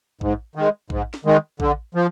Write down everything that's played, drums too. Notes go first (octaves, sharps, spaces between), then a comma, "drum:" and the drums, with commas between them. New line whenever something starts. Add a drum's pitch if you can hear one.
G#2, drum: kick A1
D#3 G#3
G#2, drum: kick A1
drum: snare
D#3 G#3
D3, drum: kick A1
F3